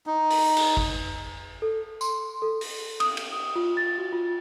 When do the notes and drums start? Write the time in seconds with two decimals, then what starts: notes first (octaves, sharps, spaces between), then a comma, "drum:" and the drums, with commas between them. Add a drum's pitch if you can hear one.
0.07 D#4
0.30 drum: open hi-hat
0.57 drum: cymbal
0.77 drum: kick
1.62 A4
2.01 C6, drum: tambourine
2.42 A4
2.61 drum: open hi-hat
3.00 D#6, drum: cymbal
3.17 drum: cymbal
3.56 F4
3.77 A6
3.98 F#4
4.12 F4